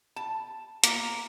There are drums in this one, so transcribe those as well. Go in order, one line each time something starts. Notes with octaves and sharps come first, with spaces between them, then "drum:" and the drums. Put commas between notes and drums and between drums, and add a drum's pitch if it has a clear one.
A5
A#3 A#5, drum: hi-hat